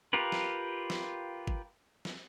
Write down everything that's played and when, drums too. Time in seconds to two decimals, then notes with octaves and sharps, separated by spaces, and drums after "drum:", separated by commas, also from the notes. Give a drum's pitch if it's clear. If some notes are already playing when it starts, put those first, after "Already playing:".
0.13 F4 G4 A#4 B4
0.32 drum: snare
0.90 drum: snare
1.47 drum: kick
2.05 drum: snare